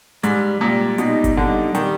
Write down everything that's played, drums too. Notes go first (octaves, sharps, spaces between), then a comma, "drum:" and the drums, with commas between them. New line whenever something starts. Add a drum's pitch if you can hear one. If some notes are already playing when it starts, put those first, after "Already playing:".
G#2 G3, drum: hi-hat
A#2 G3
B2 D#4, drum: hi-hat
drum: kick G1, hi-hat
D3 G3
D#3 G3, drum: hi-hat